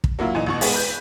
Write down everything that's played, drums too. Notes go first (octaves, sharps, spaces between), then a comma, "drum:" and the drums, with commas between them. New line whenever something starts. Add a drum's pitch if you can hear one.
drum: kick
F#3 A#3 E4 F4
A#2 E3 D#4
A1 B2 C#6
G#3 B3, drum: open hi-hat
B4 G6